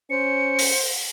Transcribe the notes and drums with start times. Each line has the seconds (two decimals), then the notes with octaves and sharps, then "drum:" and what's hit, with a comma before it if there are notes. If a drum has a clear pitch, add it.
0.10 C#4 C5 C#7
0.59 drum: open hi-hat